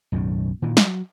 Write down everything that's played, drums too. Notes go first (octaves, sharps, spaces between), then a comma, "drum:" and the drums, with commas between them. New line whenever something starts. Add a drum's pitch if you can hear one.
B1 F#2 A2 D#3
A#2 D#3 E3
F#3, drum: snare